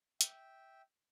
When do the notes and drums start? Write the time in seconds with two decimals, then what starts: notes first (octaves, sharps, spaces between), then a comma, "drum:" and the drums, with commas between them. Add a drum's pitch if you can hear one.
0.21 E5 G5, drum: hi-hat